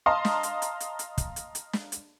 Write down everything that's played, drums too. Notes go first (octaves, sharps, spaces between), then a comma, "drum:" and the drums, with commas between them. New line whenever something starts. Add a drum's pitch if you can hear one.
D#5 F5 A5 A#5 C6 D#6
drum: snare
drum: hi-hat
drum: hi-hat
drum: hi-hat
drum: hi-hat
drum: kick, hi-hat
drum: hi-hat
drum: hi-hat
drum: snare
drum: hi-hat